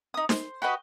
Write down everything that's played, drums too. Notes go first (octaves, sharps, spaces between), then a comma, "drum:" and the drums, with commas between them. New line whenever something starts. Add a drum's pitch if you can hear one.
D#4 D#6
C5, drum: snare D#4
F#4 G4 B4 D#5